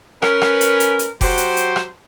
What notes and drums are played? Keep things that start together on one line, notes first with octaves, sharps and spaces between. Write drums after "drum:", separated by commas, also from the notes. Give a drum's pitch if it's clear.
C#4 A#4 B4, drum: rim click
drum: rim click
drum: hi-hat
drum: hi-hat
drum: hi-hat
F#3 F#4 G4 C5, drum: kick F1, open hi-hat
drum: hi-hat
drum: hi-hat
drum: rim click